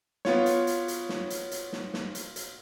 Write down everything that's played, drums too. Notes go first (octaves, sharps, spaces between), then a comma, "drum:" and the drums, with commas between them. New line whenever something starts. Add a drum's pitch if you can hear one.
B3 F4 C#5, drum: snare
drum: hi-hat
drum: hi-hat
drum: hi-hat
drum: snare
drum: hi-hat
drum: hi-hat
drum: snare
drum: snare
drum: hi-hat
drum: hi-hat